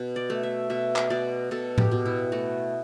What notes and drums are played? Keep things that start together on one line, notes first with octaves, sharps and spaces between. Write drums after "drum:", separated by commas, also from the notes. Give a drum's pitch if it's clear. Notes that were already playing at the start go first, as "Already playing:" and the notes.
Already playing: B2
D5
A3
E5
B2 E5
drum: clap
B2 D5
B2 A4
G4, drum: tom A2
B2
E4
A3 F#4